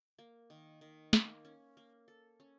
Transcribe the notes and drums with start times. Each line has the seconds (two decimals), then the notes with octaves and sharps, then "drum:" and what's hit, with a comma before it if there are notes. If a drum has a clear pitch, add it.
0.19 A#3
0.50 D#3
0.81 D#3
1.13 A#3, drum: snare
1.45 C#4
1.77 A#3
2.08 A4
2.40 C#4